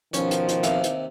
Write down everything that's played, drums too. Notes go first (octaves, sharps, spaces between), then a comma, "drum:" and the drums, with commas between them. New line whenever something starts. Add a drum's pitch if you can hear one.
B2 D#3 F3 C#4, drum: hi-hat
drum: hi-hat
drum: hi-hat
D#2 C3 F5, drum: hi-hat
drum: hi-hat